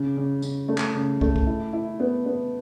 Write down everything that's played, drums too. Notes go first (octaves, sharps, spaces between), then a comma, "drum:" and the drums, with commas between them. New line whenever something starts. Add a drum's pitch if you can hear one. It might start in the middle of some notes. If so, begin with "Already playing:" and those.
Already playing: C#3
C#3
C#3, drum: tambourine
A3
drum: clap
C#3
A3, drum: kick
drum: kick
E4
E4
B3
B3